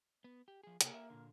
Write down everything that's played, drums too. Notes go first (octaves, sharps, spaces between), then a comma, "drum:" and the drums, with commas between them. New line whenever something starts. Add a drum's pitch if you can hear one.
B3
G4
F3 G#4
C3 A#3, drum: hi-hat
E5
A#2 D3